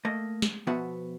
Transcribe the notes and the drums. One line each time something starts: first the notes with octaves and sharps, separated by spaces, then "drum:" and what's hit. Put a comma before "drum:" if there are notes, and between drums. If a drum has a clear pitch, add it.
A3 A#3 D#5
drum: snare
B2 F3 B3 F#4 E5 F#5